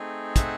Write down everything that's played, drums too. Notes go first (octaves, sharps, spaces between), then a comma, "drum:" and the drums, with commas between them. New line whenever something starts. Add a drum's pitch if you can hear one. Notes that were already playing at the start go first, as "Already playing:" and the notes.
Already playing: A3 C4 D#4 G#4
E5 F#5, drum: kick, hi-hat